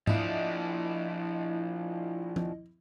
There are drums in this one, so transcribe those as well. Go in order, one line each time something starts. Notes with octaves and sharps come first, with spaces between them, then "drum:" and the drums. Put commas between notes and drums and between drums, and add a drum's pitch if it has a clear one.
F3 D4 E4 D#5, drum: tom G#2
drum: tom F3